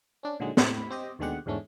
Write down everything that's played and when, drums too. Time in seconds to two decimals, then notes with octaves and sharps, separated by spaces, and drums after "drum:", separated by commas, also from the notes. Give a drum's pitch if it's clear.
0.23 C#4 D4
0.40 A#2 D3 D#3 F#3 G#3
0.57 A2 B5, drum: snare
0.90 C4 G4 D#5
1.19 D#2 B2 D3 G#3 G4 F#5
1.46 E2 G#2 D3 A3 C#4